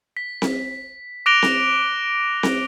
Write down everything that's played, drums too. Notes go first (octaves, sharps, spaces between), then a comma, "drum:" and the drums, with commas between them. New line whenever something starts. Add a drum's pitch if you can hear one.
B6
drum: snare C4
D6 F#6 A#6 D7 F7 G7
drum: snare C4
drum: snare C4